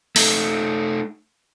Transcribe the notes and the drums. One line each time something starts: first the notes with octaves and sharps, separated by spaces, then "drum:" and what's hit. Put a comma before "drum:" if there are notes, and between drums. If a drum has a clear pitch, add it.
A3 D#4, drum: open hi-hat